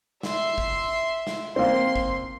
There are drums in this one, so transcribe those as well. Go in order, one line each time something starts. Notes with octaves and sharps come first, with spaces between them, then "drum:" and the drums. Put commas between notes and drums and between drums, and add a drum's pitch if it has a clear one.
E5 C6, drum: snare
drum: kick
drum: snare
A#3 C4 C6
drum: kick